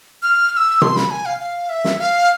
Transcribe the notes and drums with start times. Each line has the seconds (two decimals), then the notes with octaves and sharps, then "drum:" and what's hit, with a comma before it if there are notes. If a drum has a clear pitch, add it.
0.23 F6
0.52 F6
0.57 E6
0.82 C6, drum: tom C3
0.96 B5, drum: snare
1.11 G#5
1.26 F5
1.40 F5
1.69 E5
1.85 drum: snare
1.99 F5